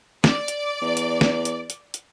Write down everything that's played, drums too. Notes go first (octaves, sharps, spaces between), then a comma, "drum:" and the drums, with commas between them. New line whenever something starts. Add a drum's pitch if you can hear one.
D5, drum: snare
drum: hi-hat
E2
drum: hi-hat
drum: snare
drum: hi-hat
drum: hi-hat
drum: hi-hat